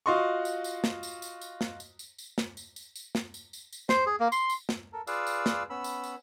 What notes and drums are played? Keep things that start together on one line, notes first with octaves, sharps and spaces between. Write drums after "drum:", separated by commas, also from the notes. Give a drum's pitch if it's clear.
F4 F#4 D#5 C6 C#6
drum: tambourine
drum: tambourine
drum: snare
drum: tambourine
drum: tambourine
drum: tambourine
drum: snare
drum: tambourine
drum: tambourine
drum: tambourine
drum: snare
drum: tambourine
drum: tambourine
drum: tambourine
drum: snare
drum: tambourine
drum: tambourine
drum: tambourine
C5, drum: snare
G#4
A#3
C6, drum: tambourine
drum: tambourine
drum: snare
A4 A#4
F4 G#4 B4 D5 F5 E6, drum: tambourine
drum: tambourine
drum: snare
B3 C#4 B5 E6
drum: tambourine
drum: tambourine